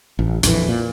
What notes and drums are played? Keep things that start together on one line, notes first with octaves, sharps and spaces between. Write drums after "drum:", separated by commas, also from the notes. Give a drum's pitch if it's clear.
A1
A#1 F2 E3, drum: hi-hat
A#2